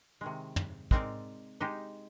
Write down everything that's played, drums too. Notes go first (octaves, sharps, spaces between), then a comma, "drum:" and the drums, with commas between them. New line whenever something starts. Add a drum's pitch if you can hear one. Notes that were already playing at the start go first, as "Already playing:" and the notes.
C3 D#3 G#3
drum: tom
G#3 C4 D#4 A#4 D5, drum: kick
G#3 D#4 G4